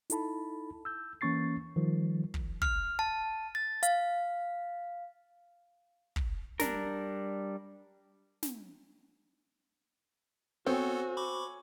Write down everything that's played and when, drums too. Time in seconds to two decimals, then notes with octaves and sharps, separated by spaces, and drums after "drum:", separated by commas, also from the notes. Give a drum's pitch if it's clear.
0.10 D#4 E4 A4 A5 B5, drum: hi-hat
0.85 E6 G6
1.21 E3 A#3 C#4 C#6 A6 C7
1.76 D#3 F3 G3
2.34 drum: kick
2.62 F6, drum: kick
2.99 A5
3.55 A6
3.83 F5, drum: hi-hat
6.16 drum: kick
6.60 G3 D4 A#4, drum: snare
8.43 drum: snare
10.66 B3 C4 F#4 A4 C#5 G#5
11.17 B5 C#6 D6